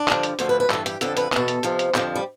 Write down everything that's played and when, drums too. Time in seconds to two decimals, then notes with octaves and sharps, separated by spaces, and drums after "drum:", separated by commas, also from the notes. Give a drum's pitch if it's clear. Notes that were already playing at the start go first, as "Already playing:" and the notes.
Already playing: D4
0.08 G2 D3 F3, drum: clap
0.23 drum: hi-hat
0.39 D2 D3 F3 C5, drum: hi-hat
0.49 B4
0.60 B4
0.70 G2 E3 A4, drum: clap
0.86 G4, drum: hi-hat
1.01 F2 D3 F3 A4, drum: hi-hat
1.17 B4, drum: hi-hat
1.32 E2 B2 A4, drum: clap
1.48 drum: hi-hat
1.63 F2 C3 F3, drum: hi-hat
1.79 drum: hi-hat
1.95 F2 D3 F3 G4, drum: clap
2.16 G3